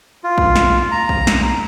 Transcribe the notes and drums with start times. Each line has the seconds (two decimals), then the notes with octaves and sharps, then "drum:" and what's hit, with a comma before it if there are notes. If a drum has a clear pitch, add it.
0.24 F4
0.38 drum: kick A#1
0.56 drum: snare
0.91 A#5
1.09 drum: kick A#1
1.27 drum: snare